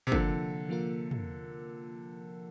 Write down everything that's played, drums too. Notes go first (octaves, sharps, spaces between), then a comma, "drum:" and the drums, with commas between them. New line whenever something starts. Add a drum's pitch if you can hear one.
C3
D3 F3 A#3 F4 A#4, drum: kick
F3 A#3 F4 A#4
drum: tom